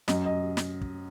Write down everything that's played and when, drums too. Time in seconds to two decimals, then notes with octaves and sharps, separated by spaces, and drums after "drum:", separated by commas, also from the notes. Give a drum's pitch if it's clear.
0.08 F#2 D#5, drum: snare
0.26 D#5
0.57 drum: snare
0.81 drum: kick